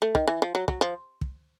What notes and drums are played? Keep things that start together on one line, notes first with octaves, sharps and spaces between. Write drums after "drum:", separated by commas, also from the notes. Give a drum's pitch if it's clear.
A3
D#3, drum: kick
E3
F3
F#3
F#3, drum: kick
F3
drum: kick